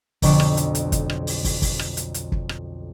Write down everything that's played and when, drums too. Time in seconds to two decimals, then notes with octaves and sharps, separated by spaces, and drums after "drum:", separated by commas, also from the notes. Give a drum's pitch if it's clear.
0.22 B1 F2 D3 C#6 D6, drum: kick, open hi-hat
0.40 drum: rim click
0.57 drum: hi-hat
0.75 drum: hi-hat
0.92 drum: kick, hi-hat
1.10 drum: rim click
1.27 drum: open hi-hat
1.45 drum: kick, open hi-hat
1.62 drum: kick, open hi-hat
1.79 drum: rim click
1.97 drum: hi-hat
2.14 drum: hi-hat
2.32 drum: kick
2.49 drum: rim click